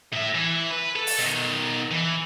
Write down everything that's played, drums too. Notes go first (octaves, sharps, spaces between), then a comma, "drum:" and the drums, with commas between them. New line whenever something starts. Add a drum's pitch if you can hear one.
A2 E5
E3
B4
A4
drum: open hi-hat
B2 D#3
E3